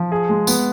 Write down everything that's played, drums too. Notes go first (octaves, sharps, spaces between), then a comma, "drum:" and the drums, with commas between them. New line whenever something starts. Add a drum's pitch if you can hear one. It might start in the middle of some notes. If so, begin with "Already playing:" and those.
Already playing: F3
G#4
G#3
B3, drum: tambourine